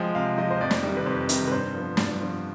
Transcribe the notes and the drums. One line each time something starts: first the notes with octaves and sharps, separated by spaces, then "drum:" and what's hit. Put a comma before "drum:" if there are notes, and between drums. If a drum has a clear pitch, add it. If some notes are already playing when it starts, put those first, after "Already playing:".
Already playing: F3 G#3 G5
C3 F5
F3 G#3 D#5
C5
F2 D5
drum: snare
C3 D#3 G3
B4
F2 C5
C3 D#3 G3, drum: hi-hat
B4
G2 C5
F3 B3
G2 D5, drum: snare
F3 B3